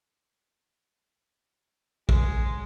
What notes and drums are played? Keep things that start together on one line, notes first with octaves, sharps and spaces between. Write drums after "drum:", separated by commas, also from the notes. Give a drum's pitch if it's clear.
G#3, drum: kick A#1